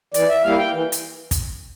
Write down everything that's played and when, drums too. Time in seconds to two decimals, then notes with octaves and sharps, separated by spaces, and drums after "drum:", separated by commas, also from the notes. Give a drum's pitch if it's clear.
0.14 E3 D5, drum: hi-hat
0.29 E5
0.44 G3 A#3 E4 F5
0.58 G5
0.72 E3
0.92 drum: hi-hat
1.31 drum: kick, hi-hat